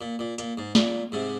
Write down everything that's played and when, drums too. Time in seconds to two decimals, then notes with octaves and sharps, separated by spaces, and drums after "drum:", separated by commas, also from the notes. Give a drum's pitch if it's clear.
0.01 A#2
0.19 A#2
0.38 A#2, drum: hi-hat
0.57 G#2
0.75 A#2, drum: snare
1.12 G#2 C3